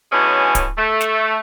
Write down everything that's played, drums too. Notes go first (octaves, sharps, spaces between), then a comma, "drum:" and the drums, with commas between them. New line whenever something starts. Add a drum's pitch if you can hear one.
D3 E3 F#3 G#3 B3 C#4
drum: kick D1, hi-hat
A3
drum: snare